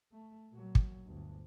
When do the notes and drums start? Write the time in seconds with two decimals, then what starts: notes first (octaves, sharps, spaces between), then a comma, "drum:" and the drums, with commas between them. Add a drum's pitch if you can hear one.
0.12 A3
0.52 A#2 F#3
0.75 drum: kick
1.05 G1 D2